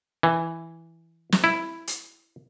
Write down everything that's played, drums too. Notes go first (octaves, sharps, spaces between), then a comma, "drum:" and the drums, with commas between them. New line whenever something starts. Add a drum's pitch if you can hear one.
E3
drum: snare
E4
drum: hi-hat